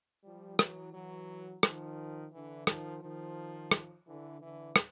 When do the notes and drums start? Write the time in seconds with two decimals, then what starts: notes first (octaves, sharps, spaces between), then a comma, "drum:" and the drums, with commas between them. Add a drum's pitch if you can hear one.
0.24 F3 G3
0.59 E3 F#3, drum: rim click
0.94 E3 F#3
1.63 D#3 F3, drum: rim click
2.32 D3 E3
2.67 D#3 F3, drum: rim click
3.02 D#3 F3
3.71 drum: rim click
4.06 D3 E3
4.41 D3 E3
4.76 drum: rim click